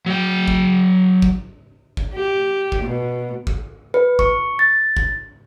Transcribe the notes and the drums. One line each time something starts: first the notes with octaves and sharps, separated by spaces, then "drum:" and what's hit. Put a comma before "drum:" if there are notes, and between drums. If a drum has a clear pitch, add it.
F#3 G5
drum: kick
drum: kick
drum: kick
G4
drum: kick
B2
drum: kick
B4
C#6, drum: kick
A6
drum: kick